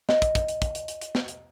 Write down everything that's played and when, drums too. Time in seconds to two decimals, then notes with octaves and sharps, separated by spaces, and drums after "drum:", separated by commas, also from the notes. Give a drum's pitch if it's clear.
0.09 D#5, drum: snare
0.22 drum: kick, hi-hat
0.35 drum: kick, hi-hat
0.48 drum: hi-hat
0.62 drum: kick, hi-hat
0.75 drum: hi-hat
0.88 drum: hi-hat
1.02 drum: hi-hat
1.15 drum: snare
1.28 drum: hi-hat